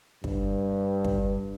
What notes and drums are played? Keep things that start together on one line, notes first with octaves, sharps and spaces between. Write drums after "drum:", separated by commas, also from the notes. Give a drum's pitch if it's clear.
G2, drum: kick
drum: kick